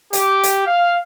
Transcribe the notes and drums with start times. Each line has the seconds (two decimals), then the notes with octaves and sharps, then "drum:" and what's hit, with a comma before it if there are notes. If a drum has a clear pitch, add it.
0.13 G4, drum: hi-hat
0.43 drum: hi-hat
0.67 F5